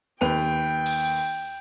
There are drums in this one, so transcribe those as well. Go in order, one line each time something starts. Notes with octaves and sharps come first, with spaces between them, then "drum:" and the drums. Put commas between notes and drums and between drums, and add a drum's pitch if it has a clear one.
D#2 B4 G5 F7
drum: cymbal